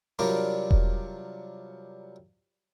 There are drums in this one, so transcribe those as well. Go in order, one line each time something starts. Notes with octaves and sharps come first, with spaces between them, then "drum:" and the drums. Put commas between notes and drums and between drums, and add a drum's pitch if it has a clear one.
C3 F#3 G3 D4 F4 A#4
drum: kick E1